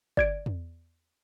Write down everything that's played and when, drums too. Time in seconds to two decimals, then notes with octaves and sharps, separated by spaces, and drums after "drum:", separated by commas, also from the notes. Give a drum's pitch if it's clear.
0.17 D5 G#6 D7, drum: kick G1
0.46 drum: tom